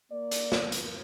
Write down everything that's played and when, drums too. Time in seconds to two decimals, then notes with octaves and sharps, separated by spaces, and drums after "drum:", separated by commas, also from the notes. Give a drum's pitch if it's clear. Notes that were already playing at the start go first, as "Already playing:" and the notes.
0.11 A#3 D5
0.31 drum: hi-hat
0.52 drum: snare
0.72 drum: hi-hat